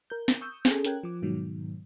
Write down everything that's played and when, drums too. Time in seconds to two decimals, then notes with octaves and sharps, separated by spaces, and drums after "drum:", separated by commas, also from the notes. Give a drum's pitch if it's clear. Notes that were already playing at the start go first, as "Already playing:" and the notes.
0.10 A#4 G6
0.28 drum: snare
0.41 C#6 D#6 E6 G6
0.65 C#4 G#4 A4, drum: snare
0.85 C#4 A#4 G5 F#6 G#6, drum: hi-hat
1.03 F3 D6
1.22 G#2 B2 D#3 F#3